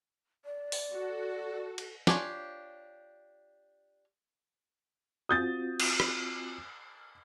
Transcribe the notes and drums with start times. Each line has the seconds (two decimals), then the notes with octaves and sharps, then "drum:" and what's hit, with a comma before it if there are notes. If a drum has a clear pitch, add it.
0.45 D5
0.72 drum: open hi-hat
0.92 F#4 A4
1.78 drum: cymbal
2.07 D4 F4 G4 C#5 G#5, drum: snare
5.29 C4 F4 F#4 D#6 G6 A6
5.80 drum: cymbal
6.00 drum: rim click